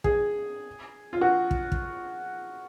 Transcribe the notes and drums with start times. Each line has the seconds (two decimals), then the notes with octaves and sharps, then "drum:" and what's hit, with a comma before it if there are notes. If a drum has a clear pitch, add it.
0.04 G#4, drum: kick
1.13 F4
1.21 F#4
1.51 drum: kick
1.72 drum: kick